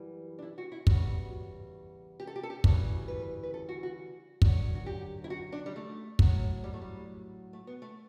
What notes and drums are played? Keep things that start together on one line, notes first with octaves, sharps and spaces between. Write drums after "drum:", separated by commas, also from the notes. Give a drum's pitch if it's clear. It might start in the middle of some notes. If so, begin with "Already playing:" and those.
Already playing: F#2 E3 G3
D4
E4
F#4
E4
E2 C#3 G3 F#4, drum: kick
G4
A4
G4
A4
G4
D2 C#3 E3 G3 A4, drum: kick
B4
B4
A4
F#4
F#4
F#2 D3 F#3, drum: kick
F#4
G4
E4
F#4
D4
G3
A3
A2 F#3, drum: kick
G3
A3
G3
A3
B3
A3